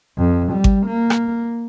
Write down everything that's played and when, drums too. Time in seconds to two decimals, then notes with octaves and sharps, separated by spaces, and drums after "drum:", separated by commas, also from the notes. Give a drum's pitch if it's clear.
0.18 F2
0.53 G3
0.64 drum: kick G#1
0.87 A#3
1.10 drum: rim click